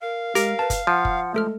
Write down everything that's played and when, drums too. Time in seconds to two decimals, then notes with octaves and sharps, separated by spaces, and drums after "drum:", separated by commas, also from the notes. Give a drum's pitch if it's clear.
0.02 A#4 F5
0.35 G#3 G4 A#4, drum: hi-hat
0.59 B4 A5
0.70 drum: kick F#1, hi-hat
0.87 F3 F#5
1.05 drum: kick F#1
1.34 G#3 A3 A4 F6